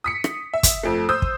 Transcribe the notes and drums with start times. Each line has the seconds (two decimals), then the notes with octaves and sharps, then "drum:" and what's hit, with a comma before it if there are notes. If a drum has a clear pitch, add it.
0.04 D#6 B6 C#7
0.24 drum: rim click
0.54 E5
0.63 drum: kick, hi-hat
0.83 F2 A3
1.09 C5 D#6 E6 G6
1.22 drum: kick